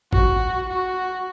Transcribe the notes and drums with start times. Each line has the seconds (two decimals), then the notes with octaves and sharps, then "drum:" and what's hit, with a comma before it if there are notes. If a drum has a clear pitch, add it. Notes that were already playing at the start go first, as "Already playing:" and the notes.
0.13 F#4, drum: kick
0.69 F#4